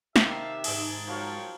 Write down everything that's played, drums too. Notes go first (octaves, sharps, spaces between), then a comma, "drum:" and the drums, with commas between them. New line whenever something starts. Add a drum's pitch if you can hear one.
C3 D#3 G4 E5 F5 A5, drum: snare
G#2 G#4 A5, drum: cymbal
F3 F#3 A#4 C#5 F5 G5